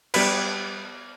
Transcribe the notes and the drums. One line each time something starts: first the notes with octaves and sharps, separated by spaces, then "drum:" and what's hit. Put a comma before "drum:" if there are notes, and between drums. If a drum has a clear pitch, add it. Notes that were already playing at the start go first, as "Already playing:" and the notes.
G3 B3 B4, drum: cymbal